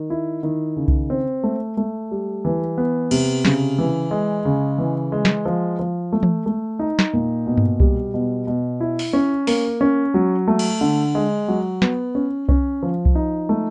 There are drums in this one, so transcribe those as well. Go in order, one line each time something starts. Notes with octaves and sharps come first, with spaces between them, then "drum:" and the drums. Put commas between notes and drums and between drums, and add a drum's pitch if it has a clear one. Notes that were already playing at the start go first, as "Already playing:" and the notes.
Already playing: D#3
E4
D#3
C#3
drum: kick C2
C4
A3
A3
G3
E3
B3
C3, drum: cymbal
C#3, drum: snare
E3
G#3
C#3
E3
G#3
drum: snare
F3
F3
A3
drum: tom E3
A3
D#4
drum: snare
A#2
B2
drum: tom G2
G3, drum: kick C2
B2
B2
E4
drum: open hi-hat
C#4
A#3, drum: open hi-hat
C#4
F#3
A3
drum: cymbal
D3
G#3
F#3
B3, drum: snare
C#4
C#4, drum: kick C2
F3
drum: kick C2
D#4
A3